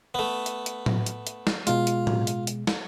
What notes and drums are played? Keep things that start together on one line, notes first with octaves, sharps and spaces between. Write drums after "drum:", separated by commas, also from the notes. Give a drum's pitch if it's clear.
A3 B3
drum: hi-hat
drum: hi-hat
drum: tom A2
drum: hi-hat
drum: hi-hat
drum: snare
B2 G#3 F4, drum: hi-hat
drum: hi-hat
drum: tom A2
drum: hi-hat
drum: hi-hat
drum: snare